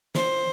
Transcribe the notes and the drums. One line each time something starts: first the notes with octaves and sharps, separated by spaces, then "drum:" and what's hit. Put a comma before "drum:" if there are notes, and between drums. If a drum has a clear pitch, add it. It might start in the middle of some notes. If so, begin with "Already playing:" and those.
C5, drum: snare